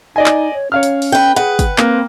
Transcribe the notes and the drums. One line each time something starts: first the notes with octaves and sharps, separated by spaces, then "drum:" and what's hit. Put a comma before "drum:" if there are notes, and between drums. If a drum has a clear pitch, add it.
D#4 D5 D#5 G#5
drum: clap
C#5
C#4 C#5 F5 F6
drum: hi-hat
drum: open hi-hat
B4 G5
G#4 B4 F#5
drum: kick, hi-hat
A#3 C4, drum: clap